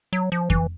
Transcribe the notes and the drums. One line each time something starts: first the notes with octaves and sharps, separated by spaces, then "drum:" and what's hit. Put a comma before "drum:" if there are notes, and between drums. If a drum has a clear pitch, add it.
F#3
F3
E3, drum: kick F2